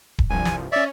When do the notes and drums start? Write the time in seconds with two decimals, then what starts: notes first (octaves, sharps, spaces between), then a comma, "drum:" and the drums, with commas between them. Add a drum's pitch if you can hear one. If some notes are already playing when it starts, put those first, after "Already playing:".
0.19 drum: kick D#1
0.30 C2 G2 F3 G#5
0.45 drum: snare
0.72 C#4 C#5 D5 E5